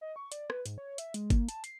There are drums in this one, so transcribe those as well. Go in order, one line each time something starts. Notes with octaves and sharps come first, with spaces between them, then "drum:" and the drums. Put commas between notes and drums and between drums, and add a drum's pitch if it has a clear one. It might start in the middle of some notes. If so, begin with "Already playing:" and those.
D#5
C#6
D5, drum: hi-hat
B4, drum: rim click
G#2, drum: hi-hat
C#5
E5, drum: hi-hat
G#3, drum: hi-hat
A#3, drum: kick G1, hi-hat
A5, drum: hi-hat
C7, drum: hi-hat